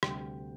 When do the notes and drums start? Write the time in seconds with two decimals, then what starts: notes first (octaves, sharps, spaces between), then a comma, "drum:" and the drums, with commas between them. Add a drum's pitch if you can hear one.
0.03 D2 C3 G3 G5, drum: rim click